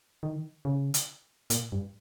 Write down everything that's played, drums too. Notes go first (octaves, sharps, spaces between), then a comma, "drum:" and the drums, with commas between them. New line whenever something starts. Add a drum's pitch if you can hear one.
D#3
C#3
drum: hi-hat
A#2, drum: hi-hat
G2